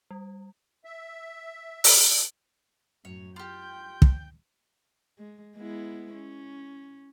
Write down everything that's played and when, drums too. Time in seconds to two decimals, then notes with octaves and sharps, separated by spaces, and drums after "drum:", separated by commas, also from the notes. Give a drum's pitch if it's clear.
0.11 G3
0.84 E5
1.84 drum: open hi-hat
3.05 F#2 A2 C#5
3.36 F4 G4 G5 G6
4.02 drum: kick
5.19 G#3
5.57 G#3 B3 E4
6.14 C#4